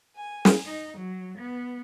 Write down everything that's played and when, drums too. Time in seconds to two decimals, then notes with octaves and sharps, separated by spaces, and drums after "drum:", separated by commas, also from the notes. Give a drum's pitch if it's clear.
0.16 G#5
0.45 drum: snare
0.64 D#4
0.97 F#3
1.37 B3